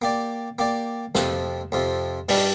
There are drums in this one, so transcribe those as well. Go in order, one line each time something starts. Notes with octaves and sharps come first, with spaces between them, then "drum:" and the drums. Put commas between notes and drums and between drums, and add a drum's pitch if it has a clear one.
A#3 G4 D5
A#3 G4 D5
F2 C3 F3, drum: snare
F2 C3 F3
G2 G3 D4, drum: open hi-hat